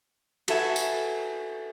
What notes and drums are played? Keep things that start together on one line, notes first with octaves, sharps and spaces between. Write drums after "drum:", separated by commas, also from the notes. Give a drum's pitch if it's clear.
F#4 A4 B4 E5 G#5, drum: cymbal
drum: tambourine